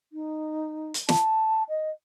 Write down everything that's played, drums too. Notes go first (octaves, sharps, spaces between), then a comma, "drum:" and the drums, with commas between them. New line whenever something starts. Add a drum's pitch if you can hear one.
D#4
drum: hi-hat
A5, drum: snare
D#5